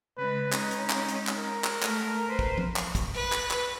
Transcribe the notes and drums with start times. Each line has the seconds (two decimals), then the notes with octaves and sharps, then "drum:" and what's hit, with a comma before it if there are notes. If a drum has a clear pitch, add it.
0.17 C#3 G#3 B4
0.52 G#3 C#4 D#4, drum: clap
0.71 drum: hi-hat
0.90 drum: clap
1.08 drum: hi-hat
1.27 drum: clap
1.37 A#4
1.64 drum: clap
1.83 A3, drum: clap
2.29 B4 C5
2.39 drum: kick
2.58 drum: tom F3
2.76 drum: clap
2.95 drum: kick, hi-hat
3.14 B4
3.32 drum: clap
3.51 drum: clap